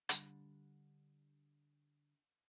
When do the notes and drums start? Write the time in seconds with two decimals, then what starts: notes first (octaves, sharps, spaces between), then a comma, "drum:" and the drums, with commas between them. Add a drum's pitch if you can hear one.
0.09 D3 G3, drum: hi-hat